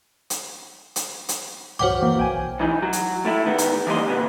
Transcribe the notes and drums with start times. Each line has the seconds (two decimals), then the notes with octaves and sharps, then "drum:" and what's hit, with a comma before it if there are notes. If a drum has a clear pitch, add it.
0.30 drum: hi-hat
0.96 drum: hi-hat
1.29 drum: hi-hat
1.79 F#4 C5 C#5 F#5 G5 D6, drum: tom
2.02 E3 A#3
2.19 B1 G5 G#5
2.60 E2 E3 D#4
2.82 F#3
2.93 drum: hi-hat
3.25 A2 A3 E4
3.46 D#3 B3
3.58 drum: hi-hat
3.87 E3 G3 A#3 C5 D#5 C6
4.07 D2 A#2 B3